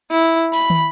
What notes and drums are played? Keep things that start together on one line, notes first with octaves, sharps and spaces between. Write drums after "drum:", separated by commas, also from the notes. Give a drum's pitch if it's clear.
E4
B5, drum: open hi-hat
drum: tom